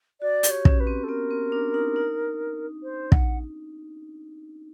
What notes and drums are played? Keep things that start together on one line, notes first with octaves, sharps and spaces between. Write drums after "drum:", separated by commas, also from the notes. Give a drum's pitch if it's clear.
F#4 D5
G4, drum: hi-hat
C#5
C#4, drum: kick
B4
C4
A4
B3 A#4
C4
D4
D#4
D#4
C5
F#5, drum: kick